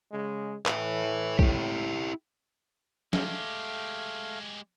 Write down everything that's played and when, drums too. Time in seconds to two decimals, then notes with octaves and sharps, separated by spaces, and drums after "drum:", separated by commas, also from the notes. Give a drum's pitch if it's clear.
0.11 C#3 G#3
0.66 A2 B4 E5, drum: clap
1.39 E4 G4, drum: kick
3.13 G#3 A3 G4 F5, drum: snare